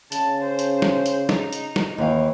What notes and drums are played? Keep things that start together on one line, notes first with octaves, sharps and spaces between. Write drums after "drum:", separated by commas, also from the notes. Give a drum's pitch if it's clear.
C#3 A5, drum: hi-hat
C5
drum: hi-hat
drum: snare
drum: hi-hat
D#4, drum: snare
drum: hi-hat
drum: snare
D#2 E3 F5